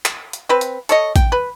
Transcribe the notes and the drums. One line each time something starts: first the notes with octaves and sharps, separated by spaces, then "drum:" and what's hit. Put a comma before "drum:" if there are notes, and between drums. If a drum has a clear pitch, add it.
drum: clap
drum: hi-hat
C4 B4
drum: hi-hat
A4 C#5 D#5, drum: hi-hat
G5, drum: kick A1, hi-hat
B4